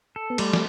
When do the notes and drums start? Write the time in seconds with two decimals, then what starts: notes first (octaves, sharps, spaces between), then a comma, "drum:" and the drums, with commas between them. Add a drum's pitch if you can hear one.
0.16 A4
0.30 B3
0.38 G3 A3, drum: cymbal
0.54 drum: snare